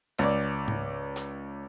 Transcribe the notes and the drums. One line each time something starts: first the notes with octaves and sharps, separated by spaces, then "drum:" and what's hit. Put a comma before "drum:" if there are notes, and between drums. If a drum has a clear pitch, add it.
C#2 D5, drum: clap
drum: tom G#2
drum: clap